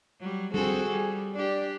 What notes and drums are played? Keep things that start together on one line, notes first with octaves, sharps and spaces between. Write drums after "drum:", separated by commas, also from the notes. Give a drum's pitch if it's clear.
F#3 G3
C4 F#4 G#4 A4, drum: tom G3
G3
D4 G4 D5